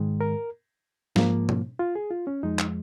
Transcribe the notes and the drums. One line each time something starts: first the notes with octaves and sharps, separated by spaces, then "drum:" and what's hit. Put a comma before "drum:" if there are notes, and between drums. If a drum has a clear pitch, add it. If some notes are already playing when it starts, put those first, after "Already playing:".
Already playing: G#2 D#3 G#3
A#4
G#2 F3 A#3, drum: snare
drum: tom B2
F4
G#4
F4
C#4
F2 F3 G#3 D#4
drum: clap